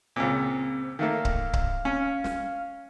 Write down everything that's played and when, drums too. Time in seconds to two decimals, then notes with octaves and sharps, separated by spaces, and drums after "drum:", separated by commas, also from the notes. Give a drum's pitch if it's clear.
0.16 C#2 A#2 C4
0.99 D#3 A3 A#3 F5
1.25 drum: kick C#1
1.53 drum: kick C#1
1.85 C#4
2.24 drum: snare